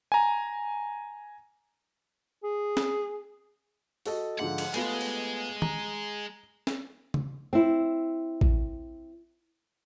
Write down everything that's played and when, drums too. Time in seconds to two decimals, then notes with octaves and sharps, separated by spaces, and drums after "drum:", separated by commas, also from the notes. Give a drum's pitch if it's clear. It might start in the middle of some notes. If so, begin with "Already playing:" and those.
0.12 G#5 A#5
2.44 G#4
2.77 drum: snare
4.06 F#4 A4 D#5, drum: open hi-hat
4.39 G#2 D3 F3 F#5
4.58 drum: cymbal
4.74 G#3 A3 B3 F4, drum: cymbal
5.01 drum: open hi-hat
5.62 A#5, drum: tom D#3
6.67 drum: snare
7.14 drum: tom C#3
7.53 C4 E4
8.41 drum: kick A1